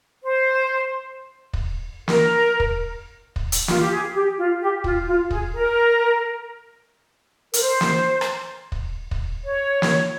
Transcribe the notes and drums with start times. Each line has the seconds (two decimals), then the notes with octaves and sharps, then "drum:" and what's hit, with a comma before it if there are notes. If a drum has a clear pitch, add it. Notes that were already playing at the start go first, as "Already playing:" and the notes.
0.24 C5
1.53 drum: kick
2.08 A#4, drum: snare
2.60 drum: kick
3.36 drum: kick
3.52 drum: hi-hat
3.68 F4, drum: snare
3.80 G4
3.92 G#4
4.15 G4
4.38 F4
4.61 G4
4.84 F4, drum: kick
5.07 F4
5.31 G#4, drum: kick
5.54 A#4
7.54 A#4, drum: hi-hat
7.61 C5
7.81 drum: snare
8.21 drum: rim click
8.72 drum: kick
9.11 drum: kick
9.45 C#5
9.82 drum: snare